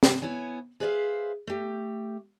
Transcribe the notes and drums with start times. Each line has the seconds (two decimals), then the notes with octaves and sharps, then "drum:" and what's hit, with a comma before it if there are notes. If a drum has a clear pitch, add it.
0.03 drum: snare
0.22 B3 E4 C#5 G#5
0.80 G#4 B4 C5 D5 E5 F5
1.47 A3 G4